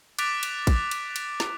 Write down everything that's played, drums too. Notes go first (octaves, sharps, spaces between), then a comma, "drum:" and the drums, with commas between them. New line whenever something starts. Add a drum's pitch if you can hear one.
D6 F#6 A6 B6 D7 F7, drum: cymbal
drum: cymbal
drum: kick A1, cymbal
drum: cymbal
drum: cymbal
drum: snare